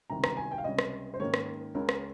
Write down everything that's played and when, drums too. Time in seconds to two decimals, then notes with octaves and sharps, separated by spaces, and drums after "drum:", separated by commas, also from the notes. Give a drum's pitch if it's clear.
0.10 C#2 C3 D#3 G3 A#5
0.24 A#5, drum: rim click
0.37 G#5
0.51 G5
0.58 F5
0.64 C#2 C3 G3 C#4 D#5
0.79 drum: rim click
1.14 C5
1.20 G#2 D#3 A#3 C#4 C#5
1.34 drum: rim click
1.75 C#2 C#3 G#3 C#4 A#4
1.89 drum: rim click